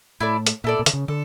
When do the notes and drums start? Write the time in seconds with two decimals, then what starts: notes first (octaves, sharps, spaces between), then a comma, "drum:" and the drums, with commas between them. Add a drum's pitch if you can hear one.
0.20 A2 E4 A4 D5
0.47 drum: hi-hat
0.64 A#2 E4 A4 D5
0.79 A#2
0.86 D3, drum: hi-hat
0.93 C#3
1.08 D3 A4